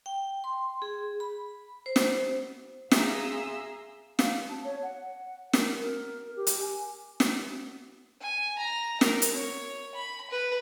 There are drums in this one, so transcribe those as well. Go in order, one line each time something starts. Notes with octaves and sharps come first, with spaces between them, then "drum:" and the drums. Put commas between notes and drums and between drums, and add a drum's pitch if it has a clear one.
G5
C6
G#4
B5
C5
drum: snare
G#4 E5 F5 A#5 C6 E6, drum: snare
F5, drum: snare
A5
C#5
F#5
A#4, drum: snare
A#4
G4
drum: hi-hat
G#5
drum: snare
G#5
A#5
A#4, drum: snare
drum: hi-hat
C#5
B5
B4